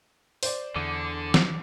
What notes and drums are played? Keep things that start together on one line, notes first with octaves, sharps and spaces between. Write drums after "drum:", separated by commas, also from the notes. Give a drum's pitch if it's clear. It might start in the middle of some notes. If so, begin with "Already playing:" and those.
C5 D5, drum: open hi-hat
E2 D3 D6
drum: snare